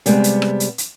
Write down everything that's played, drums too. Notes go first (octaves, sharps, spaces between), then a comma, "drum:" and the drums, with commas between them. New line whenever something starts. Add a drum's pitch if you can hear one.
C3 G3 G#3 B3, drum: hi-hat
drum: hi-hat
drum: rim click
drum: hi-hat
drum: hi-hat